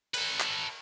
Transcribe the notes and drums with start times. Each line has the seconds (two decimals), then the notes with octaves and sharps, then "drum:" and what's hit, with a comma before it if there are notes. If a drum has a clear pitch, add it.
0.14 A4 B4, drum: cymbal
0.41 drum: clap